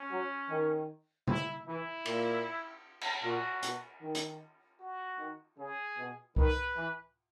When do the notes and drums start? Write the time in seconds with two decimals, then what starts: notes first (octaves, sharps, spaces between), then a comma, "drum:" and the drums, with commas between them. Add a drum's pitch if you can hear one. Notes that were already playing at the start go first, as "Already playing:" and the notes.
Already playing: C#4
0.10 F#3
0.50 D#3
1.28 E4, drum: tom C3
1.66 E3 E4
2.06 A#2, drum: cymbal
3.01 drum: cymbal
3.23 A#2 F#4
3.63 B2, drum: hi-hat
4.02 D#3
4.15 drum: hi-hat
4.80 F#4
5.19 D#3
5.58 C#3 G#4
5.97 B2
6.36 D#3 B4, drum: kick C2
6.76 E3